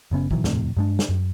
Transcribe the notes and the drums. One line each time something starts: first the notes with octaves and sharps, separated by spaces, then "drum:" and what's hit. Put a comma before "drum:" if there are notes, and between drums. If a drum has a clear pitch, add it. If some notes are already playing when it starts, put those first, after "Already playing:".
F#1 C#3 B3 C#4
B2 D#3 E3 F#3, drum: kick
D#1 F2 A2 C3, drum: snare
G2 G#3 D4
drum: snare
F#2